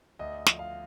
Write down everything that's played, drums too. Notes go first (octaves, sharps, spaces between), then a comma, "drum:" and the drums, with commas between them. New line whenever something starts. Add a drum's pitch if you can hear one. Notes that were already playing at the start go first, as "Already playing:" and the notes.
D2 D#5
F3, drum: snare
F5